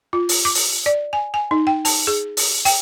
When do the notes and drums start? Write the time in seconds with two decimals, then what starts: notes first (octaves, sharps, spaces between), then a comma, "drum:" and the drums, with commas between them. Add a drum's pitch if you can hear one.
0.13 F4
0.29 drum: open hi-hat
0.45 D6
0.55 drum: open hi-hat
0.86 D5
1.13 G#5
1.34 G#5
1.51 D#4
1.67 G5
1.85 A5, drum: open hi-hat
2.07 G#4
2.37 drum: open hi-hat
2.65 G5, drum: open hi-hat